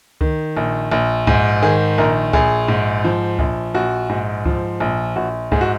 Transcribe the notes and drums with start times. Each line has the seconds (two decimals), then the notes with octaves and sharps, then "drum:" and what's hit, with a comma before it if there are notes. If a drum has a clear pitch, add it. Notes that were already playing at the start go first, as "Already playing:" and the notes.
0.21 D#3, drum: kick C#2
0.57 A#1
0.92 A#1
1.27 G#2, drum: kick C#2
1.62 D#3 G#4
1.98 A#1 A#4
2.33 A#1 G#4, drum: kick C#2
2.68 G#2
3.04 F3
3.39 A#1, drum: kick C#2
3.74 A#1 F#4
4.09 G#2
4.45 F3, drum: kick C#2
4.80 A#1
5.16 A#1 F#4
5.52 G#2 G#4, drum: kick C#2
5.61 F#4